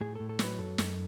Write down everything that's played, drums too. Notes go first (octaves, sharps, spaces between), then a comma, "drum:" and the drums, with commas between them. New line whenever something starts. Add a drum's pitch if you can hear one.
A2 G#4
A2 A4
A4
F#3 B4, drum: snare
F#2 A4
F#2, drum: snare